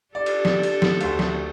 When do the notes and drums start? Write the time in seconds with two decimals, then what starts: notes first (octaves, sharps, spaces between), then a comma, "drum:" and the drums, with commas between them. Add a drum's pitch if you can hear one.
0.15 D4 G4 A4 D5
0.26 drum: cymbal
0.45 drum: snare
0.63 drum: cymbal
0.82 drum: snare
1.01 D2 A3, drum: cymbal
1.19 drum: snare